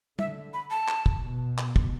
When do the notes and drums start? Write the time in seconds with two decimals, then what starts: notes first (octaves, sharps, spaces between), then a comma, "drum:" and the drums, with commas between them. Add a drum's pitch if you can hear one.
0.19 D3 E5, drum: tom
0.53 B5
0.71 A5
0.88 drum: clap
1.06 drum: kick
1.24 B2
1.58 drum: clap
1.76 drum: kick